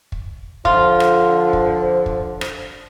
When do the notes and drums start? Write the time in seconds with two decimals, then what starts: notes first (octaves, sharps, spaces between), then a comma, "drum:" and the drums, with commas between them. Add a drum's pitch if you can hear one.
0.12 drum: kick
0.65 D3 F3 F4, drum: kick
1.00 drum: rim click
1.53 drum: kick
2.06 drum: kick
2.41 drum: rim click